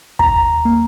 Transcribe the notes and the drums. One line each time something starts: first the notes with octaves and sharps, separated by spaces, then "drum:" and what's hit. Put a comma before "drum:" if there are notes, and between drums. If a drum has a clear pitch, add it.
D#2 A#5, drum: kick
A#3